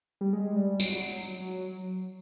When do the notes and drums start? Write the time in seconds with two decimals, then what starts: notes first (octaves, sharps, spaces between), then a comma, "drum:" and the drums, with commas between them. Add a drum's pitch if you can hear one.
0.21 G3
0.33 G#3
0.56 G3
0.80 F#3, drum: tambourine